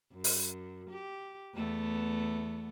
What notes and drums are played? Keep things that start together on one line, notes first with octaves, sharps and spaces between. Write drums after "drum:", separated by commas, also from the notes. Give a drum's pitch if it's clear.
F#2
drum: open hi-hat
G4
E2 A3 B3